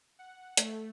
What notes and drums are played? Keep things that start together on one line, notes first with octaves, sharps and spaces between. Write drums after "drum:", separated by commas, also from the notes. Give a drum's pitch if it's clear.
F#5
A3, drum: hi-hat